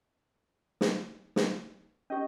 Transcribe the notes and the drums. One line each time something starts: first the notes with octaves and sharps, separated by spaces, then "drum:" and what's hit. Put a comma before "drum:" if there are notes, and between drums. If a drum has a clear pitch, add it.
drum: snare
drum: snare
C#4 G4 D#5